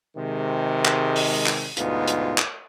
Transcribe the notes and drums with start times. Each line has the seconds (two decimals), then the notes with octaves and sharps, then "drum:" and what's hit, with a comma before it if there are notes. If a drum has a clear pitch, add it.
0.16 C3 D#3 G#3
0.85 drum: clap
1.16 drum: open hi-hat
1.46 drum: clap
1.77 D2 G#2 B2 B3 D#4 F4, drum: hi-hat
2.08 drum: hi-hat
2.38 drum: clap